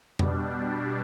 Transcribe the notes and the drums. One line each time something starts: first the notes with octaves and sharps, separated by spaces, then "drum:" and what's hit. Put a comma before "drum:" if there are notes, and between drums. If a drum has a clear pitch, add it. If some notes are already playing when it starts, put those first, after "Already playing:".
B2 G3 D4, drum: tom F2